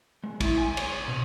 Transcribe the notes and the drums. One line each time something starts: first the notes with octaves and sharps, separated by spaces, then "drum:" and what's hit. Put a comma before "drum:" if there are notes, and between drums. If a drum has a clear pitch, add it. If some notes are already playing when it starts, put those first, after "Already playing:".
G#3
E4, drum: kick A1, cymbal
G#5
C#5, drum: cymbal
B2